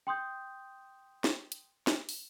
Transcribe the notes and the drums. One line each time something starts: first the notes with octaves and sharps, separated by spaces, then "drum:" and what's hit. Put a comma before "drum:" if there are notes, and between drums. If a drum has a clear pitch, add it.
G5 C6 D#6 G6
drum: snare
drum: hi-hat
drum: snare
drum: open hi-hat